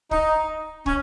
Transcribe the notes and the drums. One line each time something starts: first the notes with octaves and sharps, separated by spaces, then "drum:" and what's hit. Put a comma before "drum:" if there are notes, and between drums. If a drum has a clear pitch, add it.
D#4, drum: kick
C#4, drum: kick